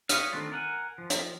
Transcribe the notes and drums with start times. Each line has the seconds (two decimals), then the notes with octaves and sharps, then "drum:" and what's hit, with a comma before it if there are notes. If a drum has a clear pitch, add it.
0.09 B4 C#5 D#5 F5, drum: hi-hat
0.32 D#3 A3 C4 D4 F4
0.52 A#4 F#5 G#5
0.98 F3
1.10 drum: hi-hat